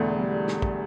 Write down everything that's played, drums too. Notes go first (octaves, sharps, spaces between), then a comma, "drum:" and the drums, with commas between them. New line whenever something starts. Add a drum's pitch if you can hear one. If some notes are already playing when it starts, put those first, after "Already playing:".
Already playing: E1 E2 D3 A3
G3
drum: snare
drum: kick